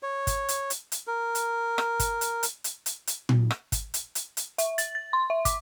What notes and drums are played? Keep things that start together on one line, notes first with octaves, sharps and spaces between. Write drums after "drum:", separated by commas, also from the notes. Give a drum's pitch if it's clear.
C#5
drum: kick, hi-hat
drum: hi-hat
drum: hi-hat
drum: hi-hat
A#4
drum: hi-hat
drum: rim click
drum: kick, hi-hat
drum: hi-hat
drum: hi-hat
drum: hi-hat
drum: hi-hat
drum: hi-hat
drum: tom A#2
drum: rim click
drum: kick, hi-hat
drum: hi-hat
drum: hi-hat
drum: hi-hat
E5, drum: hi-hat
A6, drum: hi-hat
A6
C6
E5
D6, drum: kick, hi-hat